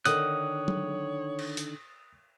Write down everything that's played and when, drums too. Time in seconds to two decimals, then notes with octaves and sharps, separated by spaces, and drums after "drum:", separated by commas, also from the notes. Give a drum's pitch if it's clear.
0.05 D3 D#3 C#5 D#6 F#6, drum: hi-hat
0.68 drum: tom F#3
1.39 drum: cymbal
1.57 drum: hi-hat